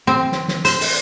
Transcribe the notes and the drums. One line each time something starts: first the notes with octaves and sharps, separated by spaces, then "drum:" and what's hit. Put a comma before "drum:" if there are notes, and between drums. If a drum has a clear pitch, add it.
C4
drum: snare
drum: snare
C5, drum: hi-hat
drum: open hi-hat